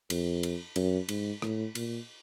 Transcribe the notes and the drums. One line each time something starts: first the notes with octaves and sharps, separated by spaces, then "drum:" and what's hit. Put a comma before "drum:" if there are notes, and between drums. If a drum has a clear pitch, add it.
F2, drum: cymbal
drum: cymbal
F#2, drum: cymbal
G#2, drum: cymbal
A2, drum: rim click
A#2, drum: cymbal